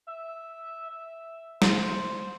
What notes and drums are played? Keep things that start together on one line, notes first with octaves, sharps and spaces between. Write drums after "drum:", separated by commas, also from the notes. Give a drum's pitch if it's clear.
E5
E5
C5, drum: snare